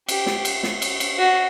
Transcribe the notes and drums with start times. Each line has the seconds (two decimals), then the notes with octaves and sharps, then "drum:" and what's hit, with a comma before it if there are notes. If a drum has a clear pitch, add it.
0.08 G4, drum: cymbal
0.26 drum: snare
0.45 drum: cymbal
0.63 drum: snare
0.82 drum: cymbal
1.00 drum: cymbal
1.18 F#4